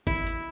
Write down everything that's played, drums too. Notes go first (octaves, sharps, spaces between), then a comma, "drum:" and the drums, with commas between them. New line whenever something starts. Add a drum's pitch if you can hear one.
E4, drum: kick, hi-hat
drum: hi-hat